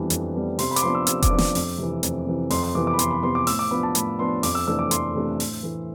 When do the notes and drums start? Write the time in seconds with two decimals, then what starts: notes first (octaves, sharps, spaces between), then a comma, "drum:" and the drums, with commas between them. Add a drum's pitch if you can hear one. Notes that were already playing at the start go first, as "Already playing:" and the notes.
Already playing: F2 E3 G3 B3 D4
0.10 F2, drum: hi-hat
0.34 E3 G3 B3 D4
0.59 C3 C6, drum: open hi-hat
0.71 B5
0.76 D6, drum: hi-hat
0.82 F3 B3 D4 C6
0.95 E6
1.07 C3 E6, drum: hi-hat
1.22 D6, drum: kick F1, hi-hat
1.31 F3 B3 D4
1.38 D6, drum: snare
1.55 F2, drum: open hi-hat
1.78 C3 E3
2.03 F2, drum: hi-hat
2.27 C3 E3
2.50 F2 C6, drum: open hi-hat
2.63 C6
2.75 C3 E3 B3 D6
2.87 D6
2.94 B5
2.99 F2 C6, drum: hi-hat
3.11 B5
3.23 C3 E3 B3 C6
3.35 D6
3.47 A2 E6, drum: open hi-hat
3.59 D6
3.71 F3 B3 D4 B5
3.83 A5
3.95 A2 B5, drum: hi-hat
4.19 F3 B3 D4 C6
4.43 F2 D6, drum: open hi-hat
4.55 E6
4.67 C3 E3 A3 D4 E6
4.79 D6
4.91 F2 C6, drum: hi-hat
5.15 C3 E3 A3 D4
5.40 A2, drum: open hi-hat
5.63 E3 A3